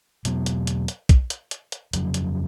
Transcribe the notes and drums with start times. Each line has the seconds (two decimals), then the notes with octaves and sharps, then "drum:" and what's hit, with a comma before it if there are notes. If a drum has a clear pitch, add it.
0.25 E2 B2 F#3 B3, drum: hi-hat
0.46 drum: hi-hat
0.67 drum: hi-hat
0.88 drum: hi-hat
1.09 drum: kick, hi-hat
1.30 drum: hi-hat
1.51 drum: hi-hat
1.72 drum: hi-hat
1.93 F2 C#3 F#3, drum: hi-hat
2.14 drum: hi-hat